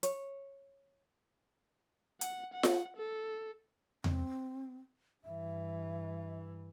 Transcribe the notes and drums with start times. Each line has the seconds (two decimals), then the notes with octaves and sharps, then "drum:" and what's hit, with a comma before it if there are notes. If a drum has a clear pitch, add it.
0.03 C#5, drum: hi-hat
2.21 F#5, drum: hi-hat
2.53 F#5
2.63 drum: snare F4
2.97 A4
4.04 C4, drum: tom E2
5.24 G2 E3 E5